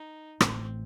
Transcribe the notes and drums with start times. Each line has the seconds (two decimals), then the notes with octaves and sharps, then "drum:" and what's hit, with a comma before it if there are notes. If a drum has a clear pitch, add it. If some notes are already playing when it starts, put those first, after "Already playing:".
Already playing: D#4
0.41 A1 A2 C4, drum: rim click